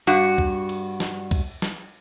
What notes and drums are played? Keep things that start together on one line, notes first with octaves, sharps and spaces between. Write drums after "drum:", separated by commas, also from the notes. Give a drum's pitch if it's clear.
G2 F#4, drum: cymbal
drum: kick C2
drum: cymbal
drum: snare
drum: kick C2, cymbal
drum: snare